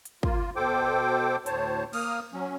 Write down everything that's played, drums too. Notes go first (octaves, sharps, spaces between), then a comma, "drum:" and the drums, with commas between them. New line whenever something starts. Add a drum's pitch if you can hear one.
drum: hi-hat
A#3 F4, drum: kick
B2 A4 C5 G5 D6
D2 A2 C5 C#5 A5, drum: hi-hat
A#3 D#6 F6, drum: cymbal
F#3 C#4